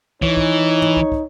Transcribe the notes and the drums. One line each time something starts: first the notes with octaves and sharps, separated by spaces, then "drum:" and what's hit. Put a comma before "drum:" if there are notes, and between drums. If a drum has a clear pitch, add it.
E3 D#4 C#5, drum: kick
drum: kick
drum: tom
drum: kick
drum: kick